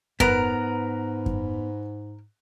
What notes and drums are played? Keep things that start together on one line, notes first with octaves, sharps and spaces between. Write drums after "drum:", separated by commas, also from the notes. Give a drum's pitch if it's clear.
G#2 B3 A#4 B4 A#5 F#6, drum: kick F#2
drum: kick F#2